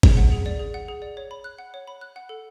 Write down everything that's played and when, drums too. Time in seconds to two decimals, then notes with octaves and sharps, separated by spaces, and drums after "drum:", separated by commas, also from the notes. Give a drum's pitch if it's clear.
0.03 G#4, drum: kick G#1
0.17 F#5
0.32 G#4
0.46 D5
0.59 G#4
0.74 F#5
0.88 G#4
1.02 D5
1.17 C#5
1.31 B5
1.44 F#6
1.58 F#5
1.74 C#5
1.88 B5
2.01 F#6
2.16 F#5
2.29 A4